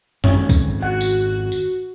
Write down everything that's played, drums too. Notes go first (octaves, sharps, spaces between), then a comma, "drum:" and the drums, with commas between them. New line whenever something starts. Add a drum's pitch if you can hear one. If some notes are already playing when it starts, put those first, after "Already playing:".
G#1 F2 C#4, drum: tom F#2
drum: kick, tambourine
F#4 F#5
drum: tambourine
drum: tambourine